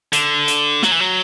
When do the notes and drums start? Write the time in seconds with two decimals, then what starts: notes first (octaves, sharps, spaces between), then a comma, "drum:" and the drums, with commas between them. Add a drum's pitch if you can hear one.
0.13 D3, drum: hi-hat
0.48 drum: hi-hat
0.83 F#3, drum: snare
0.92 E3
1.00 F#3